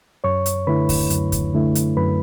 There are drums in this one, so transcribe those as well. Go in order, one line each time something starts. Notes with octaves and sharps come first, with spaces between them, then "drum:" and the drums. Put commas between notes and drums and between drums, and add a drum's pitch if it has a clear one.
F#2 C#5 C#6
drum: hi-hat
D3 A3 E4 B4 B5
drum: kick D2, open hi-hat
F#2, drum: hi-hat
drum: kick D2, hi-hat
D3 A3 E4
drum: hi-hat
F#2 B4 B5